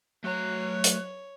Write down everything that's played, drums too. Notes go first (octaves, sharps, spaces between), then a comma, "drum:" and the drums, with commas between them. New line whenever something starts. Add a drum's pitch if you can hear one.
F#3 A3 C#5 A#5 F#6
drum: hi-hat